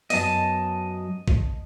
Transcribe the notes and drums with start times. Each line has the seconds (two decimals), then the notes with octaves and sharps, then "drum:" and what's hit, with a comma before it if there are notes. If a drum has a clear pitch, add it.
0.10 F#2 F#3 B3 D#5 A5, drum: open hi-hat
1.28 drum: kick A1